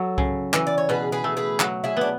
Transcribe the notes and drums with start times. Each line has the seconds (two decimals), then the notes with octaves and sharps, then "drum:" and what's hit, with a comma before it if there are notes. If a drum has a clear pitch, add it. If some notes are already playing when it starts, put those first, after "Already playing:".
Already playing: F#3 F#4 A4
0.18 C#3, drum: kick C2
0.54 E3, drum: clap
0.67 D5
0.78 C#5
0.89 B2 G#4 B4
1.12 G#4 B4
1.24 A3
1.37 G#4 B4
1.60 F#3, drum: clap
1.84 E4 G#4
1.97 B3 D4